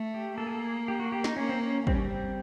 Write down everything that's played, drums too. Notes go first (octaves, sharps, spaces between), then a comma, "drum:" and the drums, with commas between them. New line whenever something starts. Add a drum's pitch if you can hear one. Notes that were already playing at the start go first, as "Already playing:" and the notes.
Already playing: A3
G4
A#3 A4
G#4
A4
G#4
G4
F#4
G4
D#4, drum: snare
A#3 C#4
C4
C#4
G3 C4, drum: kick
C#4
C4